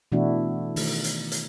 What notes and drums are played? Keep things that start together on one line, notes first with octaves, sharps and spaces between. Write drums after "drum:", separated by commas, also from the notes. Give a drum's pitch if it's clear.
B2 E3 A3 D4 E4 F#4
D#3 A3, drum: open hi-hat
drum: hi-hat
drum: hi-hat